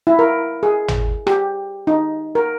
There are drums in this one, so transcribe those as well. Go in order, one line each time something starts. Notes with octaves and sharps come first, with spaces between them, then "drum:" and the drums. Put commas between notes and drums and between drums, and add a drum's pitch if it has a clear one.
E4
A#4
G#4
drum: tom
G4, drum: rim click
D#4
A#4